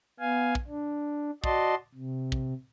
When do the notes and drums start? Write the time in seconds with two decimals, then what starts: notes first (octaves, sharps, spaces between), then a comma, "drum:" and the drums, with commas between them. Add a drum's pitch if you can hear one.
0.20 B3 F5 G#5
0.55 drum: kick
0.68 D4
1.44 F#4 D5 D#5 A5 C6, drum: kick
1.94 C3
2.32 drum: kick